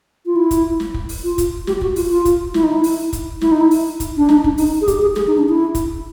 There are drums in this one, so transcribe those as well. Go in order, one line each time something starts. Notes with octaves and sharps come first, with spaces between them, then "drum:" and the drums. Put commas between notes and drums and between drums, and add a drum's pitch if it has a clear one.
F4
E4
drum: kick, hi-hat
drum: snare
drum: kick
drum: open hi-hat
F4
drum: kick, hi-hat
G4, drum: snare
F#4, drum: kick
F4, drum: open hi-hat
F4
drum: kick, hi-hat
E4, drum: snare
D#4
E4
drum: open hi-hat
drum: kick, hi-hat
E4, drum: snare
D#4
E4
drum: open hi-hat
drum: kick, hi-hat
D4
D#4, drum: snare
D4, drum: kick
D#4, drum: open hi-hat
G#4
G4, drum: kick, hi-hat
G#4
G#4, drum: snare
D#4
D4
E4
drum: kick, hi-hat